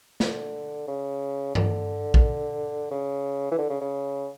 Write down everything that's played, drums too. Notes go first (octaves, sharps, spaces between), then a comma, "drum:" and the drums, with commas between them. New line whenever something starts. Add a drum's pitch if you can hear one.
D3, drum: snare
C#3
D3, drum: tom G2
drum: kick A#1
C#3
E3
D3
C#3
C#3